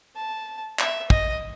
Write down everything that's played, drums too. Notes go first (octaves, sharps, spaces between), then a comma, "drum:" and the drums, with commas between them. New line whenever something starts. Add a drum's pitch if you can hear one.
A5
E5, drum: clap
D#5, drum: kick